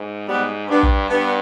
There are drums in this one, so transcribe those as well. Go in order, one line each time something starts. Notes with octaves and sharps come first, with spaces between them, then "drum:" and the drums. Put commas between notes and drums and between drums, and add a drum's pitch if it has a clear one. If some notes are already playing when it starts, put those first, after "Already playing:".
Already playing: G#2
G#2 G3 B3
G2 B3 D4
drum: kick
G2 B3 D4